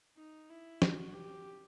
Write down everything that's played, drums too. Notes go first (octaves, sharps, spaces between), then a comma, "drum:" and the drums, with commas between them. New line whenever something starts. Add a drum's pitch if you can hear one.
D#4
E4
F#4, drum: snare
G4